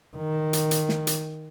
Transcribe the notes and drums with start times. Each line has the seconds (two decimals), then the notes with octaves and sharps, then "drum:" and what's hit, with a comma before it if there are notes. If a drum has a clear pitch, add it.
0.17 D#3
0.53 drum: hi-hat
0.71 drum: hi-hat
0.89 drum: snare
1.07 drum: hi-hat